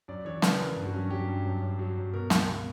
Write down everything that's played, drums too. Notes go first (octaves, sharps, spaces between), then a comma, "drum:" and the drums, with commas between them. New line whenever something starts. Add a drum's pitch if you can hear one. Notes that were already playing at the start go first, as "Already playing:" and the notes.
F#2 D5
E3 C#5
C#3 B4, drum: snare
E3 A#4
G2
F#4
F#3 C#4
D4
F#3 G4
G2
F#2
F#2
F#3
F#2
B2 A#4
C#2, drum: snare
B2